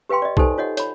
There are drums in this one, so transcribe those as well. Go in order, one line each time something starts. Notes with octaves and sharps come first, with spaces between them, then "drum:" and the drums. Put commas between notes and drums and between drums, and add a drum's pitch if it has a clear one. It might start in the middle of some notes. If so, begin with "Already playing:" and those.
G4 B4 F5 G5 C6
D5 D#5
D#4 G4 A4 C5 G#5, drum: kick B1
F4 C#5 D#5 F#5
C#5 B5, drum: hi-hat